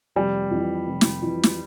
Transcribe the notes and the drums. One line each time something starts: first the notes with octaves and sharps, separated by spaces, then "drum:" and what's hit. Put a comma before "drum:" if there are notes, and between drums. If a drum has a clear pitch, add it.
F1 G3
F2 E3
F1
drum: snare
F2 E3
drum: snare